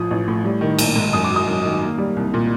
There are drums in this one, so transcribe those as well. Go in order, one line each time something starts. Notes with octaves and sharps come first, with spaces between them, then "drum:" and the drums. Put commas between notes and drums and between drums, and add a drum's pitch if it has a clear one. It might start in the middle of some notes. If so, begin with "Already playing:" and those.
Already playing: A1 F3 D#6
A1
A2
G3
D#3
A#1, drum: cymbal
G#2
F#2 D#6
D6
F#3
D#6
F#2
D#3
A#3
G3
C2
A#2